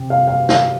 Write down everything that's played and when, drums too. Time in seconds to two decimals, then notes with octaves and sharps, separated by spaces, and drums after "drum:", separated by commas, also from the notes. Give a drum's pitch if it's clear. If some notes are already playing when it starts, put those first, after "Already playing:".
Already playing: C3
0.10 F5
0.27 F5
0.49 F5, drum: snare